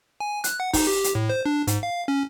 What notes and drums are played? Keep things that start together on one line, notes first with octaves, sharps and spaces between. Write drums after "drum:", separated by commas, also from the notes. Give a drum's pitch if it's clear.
G#5
F#6, drum: hi-hat
F#5
D#4, drum: kick, open hi-hat
G4
drum: hi-hat
A2
C5
D4
G#2, drum: hi-hat
F5
C#4